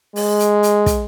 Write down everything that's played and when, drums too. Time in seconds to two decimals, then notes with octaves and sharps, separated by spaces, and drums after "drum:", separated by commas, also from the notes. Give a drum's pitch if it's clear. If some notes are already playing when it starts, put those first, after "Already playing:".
0.16 G#3, drum: open hi-hat
0.39 drum: hi-hat
0.63 drum: hi-hat
0.86 drum: kick, hi-hat